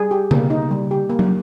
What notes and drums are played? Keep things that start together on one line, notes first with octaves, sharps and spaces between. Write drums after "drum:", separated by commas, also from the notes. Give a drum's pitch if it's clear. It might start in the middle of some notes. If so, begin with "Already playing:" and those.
Already playing: G3 G#4
G4
A#3, drum: tom C#3
D#4
G3
G4
A#3
drum: tom